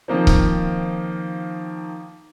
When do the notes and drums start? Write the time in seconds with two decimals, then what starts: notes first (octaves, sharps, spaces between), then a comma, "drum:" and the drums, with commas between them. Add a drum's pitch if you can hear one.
0.08 D#3 F3 A#3 C4
0.27 drum: kick C#1